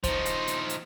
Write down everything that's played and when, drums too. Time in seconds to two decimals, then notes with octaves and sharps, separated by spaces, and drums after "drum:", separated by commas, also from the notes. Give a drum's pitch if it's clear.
0.04 F3 D#4 C5, drum: kick, hi-hat
0.26 drum: hi-hat
0.47 drum: hi-hat
0.69 drum: hi-hat